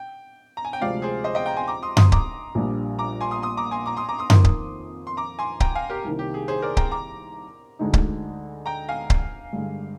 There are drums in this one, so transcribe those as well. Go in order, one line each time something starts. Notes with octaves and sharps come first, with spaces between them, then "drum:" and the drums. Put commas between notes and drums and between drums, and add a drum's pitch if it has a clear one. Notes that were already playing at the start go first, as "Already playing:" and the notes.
Already playing: G5
A#5
G#5
G5
D2 C3 F3 G#3 C4 D5 F5
G#4 C5
C5 D#5
D#5 G5
G5 A#5
G#5 C6
A#5 D6
C6 D#6
C6 D#6, drum: tom F#2
A#5 D6, drum: kick C#1
A#1 A#2 G3 D4
A#5 D6
G#5 C6
C6 D#6
C6 D#6
A#5 D6
G#5 C6
A#5 D6
C6 D#6
A#5 D6
C6 D#6
F2 D#3 A#3 C6 D#6, drum: tom F#2
drum: kick C#1
C6
A#5 D6
G#5 C6
G5 A#5, drum: kick C#1
F5 G#5
G4 A#4
C2 C3 D#3 A#3
G4
G#4
G#4 C5
A#4 D5
G5 A#5, drum: kick C#1
A#5 D6
D2 D3 G#3 D#4
drum: kick C#1
G5 A#5
F5 G#5
drum: kick C#1
G2 D3 G#3